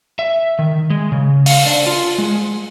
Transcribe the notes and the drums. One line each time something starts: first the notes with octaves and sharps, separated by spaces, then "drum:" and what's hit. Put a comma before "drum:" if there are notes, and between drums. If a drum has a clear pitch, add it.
E5
D#3
G#3
C#3
F5, drum: open hi-hat
D4
F4
G#3